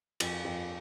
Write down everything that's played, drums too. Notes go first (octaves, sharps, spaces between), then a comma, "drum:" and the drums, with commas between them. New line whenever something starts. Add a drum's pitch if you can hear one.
F2, drum: cymbal
F2